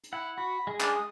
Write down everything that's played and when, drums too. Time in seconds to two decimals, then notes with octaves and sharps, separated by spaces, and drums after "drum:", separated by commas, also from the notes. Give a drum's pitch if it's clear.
0.04 drum: hi-hat
0.13 E4 F#5
0.38 F#4 B5
0.67 G#3 G#4
0.81 D4, drum: clap
0.95 D#6